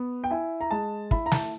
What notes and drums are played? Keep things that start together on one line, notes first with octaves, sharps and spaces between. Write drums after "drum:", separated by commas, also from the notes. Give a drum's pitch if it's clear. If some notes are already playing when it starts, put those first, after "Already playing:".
Already playing: B3
G5
E4 G#5
A#5
G#3 A5
E4 B5, drum: kick
A#5
A5, drum: snare